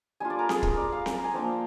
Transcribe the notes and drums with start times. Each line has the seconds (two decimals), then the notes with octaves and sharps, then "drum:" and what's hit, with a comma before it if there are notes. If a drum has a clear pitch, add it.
0.20 G3 D4 F4 G#5
0.30 D5
0.39 A#4
0.49 G#4, drum: snare C4
0.63 A#4, drum: kick
0.77 D5
0.92 F5
1.06 drum: snare C4
1.15 A#5
1.24 G#5
1.34 F3 A#3 D4 G5